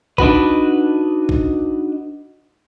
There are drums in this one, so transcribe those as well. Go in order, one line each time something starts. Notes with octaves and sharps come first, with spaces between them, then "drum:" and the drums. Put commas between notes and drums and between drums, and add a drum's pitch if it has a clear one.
D4 D#4 F#4 B4, drum: kick A1
drum: kick A1